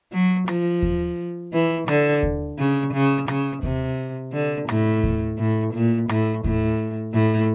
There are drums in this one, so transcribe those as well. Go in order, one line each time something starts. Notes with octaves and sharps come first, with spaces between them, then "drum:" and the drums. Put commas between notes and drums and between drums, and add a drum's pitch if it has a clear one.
F#3
F3, drum: rim click
drum: kick D#2
E3
D3, drum: rim click
drum: kick D#2
C#3
C#3
C#3, drum: rim click
C3, drum: kick D#2
D3
A2, drum: rim click
drum: kick D#2
A2
A#2
A2, drum: rim click
A2, drum: kick D#2
A2